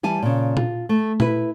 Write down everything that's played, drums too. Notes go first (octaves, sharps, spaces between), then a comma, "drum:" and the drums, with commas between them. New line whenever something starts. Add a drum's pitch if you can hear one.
E3 G3 G#5 A5
A#2 C#3
F4, drum: tom A#2
A3
E4 B4, drum: tom A#2